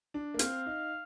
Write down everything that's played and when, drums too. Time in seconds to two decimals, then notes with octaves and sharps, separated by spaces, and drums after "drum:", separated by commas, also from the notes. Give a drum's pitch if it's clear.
0.14 D4
0.34 A#3
0.39 C4 F5, drum: hi-hat
0.66 D#4